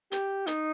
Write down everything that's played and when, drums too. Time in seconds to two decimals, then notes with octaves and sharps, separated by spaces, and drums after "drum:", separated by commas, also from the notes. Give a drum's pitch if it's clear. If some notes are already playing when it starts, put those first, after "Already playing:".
0.12 G4, drum: hi-hat
0.47 D#4, drum: hi-hat